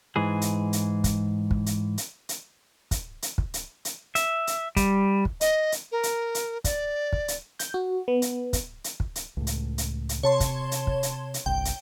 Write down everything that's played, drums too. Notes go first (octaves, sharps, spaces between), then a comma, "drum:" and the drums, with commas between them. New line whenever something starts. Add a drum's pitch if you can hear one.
G#2 E3 G#4
drum: hi-hat
drum: hi-hat
drum: kick, hi-hat
drum: kick
drum: hi-hat
drum: hi-hat
drum: hi-hat
drum: kick, hi-hat
drum: hi-hat
drum: kick
drum: hi-hat
drum: hi-hat
E5, drum: hi-hat
drum: hi-hat
G3, drum: kick, hi-hat
drum: kick
D#5, drum: hi-hat
drum: hi-hat
A#4
drum: hi-hat
drum: hi-hat
D5, drum: kick, hi-hat
drum: kick
drum: hi-hat
G6, drum: hi-hat
F#4
B3
drum: hi-hat
drum: kick, hi-hat
drum: hi-hat
drum: kick
drum: hi-hat
C#2 A2
drum: hi-hat
drum: hi-hat
drum: hi-hat
C3 C#5 A5 C6
drum: kick, hi-hat
drum: hi-hat
drum: kick
drum: hi-hat
drum: hi-hat
G1 C2 G5
drum: hi-hat